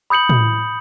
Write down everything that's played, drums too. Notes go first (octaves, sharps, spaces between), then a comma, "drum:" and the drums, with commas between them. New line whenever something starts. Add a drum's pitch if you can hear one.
B5 D#6 G6 C#7 F#7
drum: tom A2